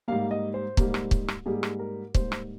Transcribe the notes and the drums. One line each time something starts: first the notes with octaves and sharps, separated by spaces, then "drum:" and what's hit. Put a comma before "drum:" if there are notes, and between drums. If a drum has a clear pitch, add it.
G#2 G3 A#3 F5
D#5
C5
G#2 G3 A#3, drum: kick
drum: rim click
drum: kick
drum: rim click
G#2 G3 A#3 G#4
drum: rim click
A#4
G#2 G3 A#3 C5, drum: kick
drum: rim click